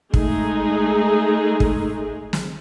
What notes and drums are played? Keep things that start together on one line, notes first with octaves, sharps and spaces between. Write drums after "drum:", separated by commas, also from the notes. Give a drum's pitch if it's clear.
G#3 A3 D#4 G#4, drum: kick
drum: kick
drum: snare